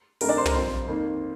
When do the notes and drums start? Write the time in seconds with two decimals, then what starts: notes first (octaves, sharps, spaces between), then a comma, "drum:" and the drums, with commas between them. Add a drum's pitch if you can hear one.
0.21 F2 D3 A3 A#4, drum: open hi-hat
0.29 D4 D5
0.37 C5 C6
0.45 A#4 A#5, drum: tom
0.54 G2 F3 C4 C5 C6
0.87 F2 D#3 A#3